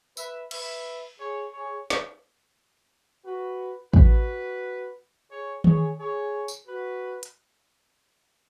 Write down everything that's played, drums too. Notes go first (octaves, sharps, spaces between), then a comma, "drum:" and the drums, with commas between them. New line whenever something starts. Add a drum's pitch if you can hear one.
B4 E5, drum: tambourine
B4 E5, drum: cymbal
G#4 C#5
G#4 C#5
drum: snare
F#4 B4
F#4 B4, drum: kick
G#4 C#5
G#4 C#5, drum: tom D#3
G#4 C#5
drum: tambourine
F#4 B4
drum: hi-hat